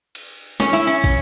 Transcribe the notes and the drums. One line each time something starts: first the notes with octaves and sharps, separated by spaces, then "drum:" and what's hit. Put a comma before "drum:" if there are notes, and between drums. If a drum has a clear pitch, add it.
drum: cymbal
C#4, drum: snare
E4
C#4
drum: kick, cymbal